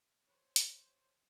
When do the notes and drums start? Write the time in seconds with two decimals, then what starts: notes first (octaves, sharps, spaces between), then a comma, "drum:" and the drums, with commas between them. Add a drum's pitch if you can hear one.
0.25 C5 C#5
0.56 drum: hi-hat